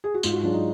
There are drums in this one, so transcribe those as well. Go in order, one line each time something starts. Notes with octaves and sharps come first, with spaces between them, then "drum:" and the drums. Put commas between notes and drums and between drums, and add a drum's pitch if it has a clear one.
G#4
F#4
G#2 F4, drum: tambourine
F#4
F#3 D4 F4 G#4
D#4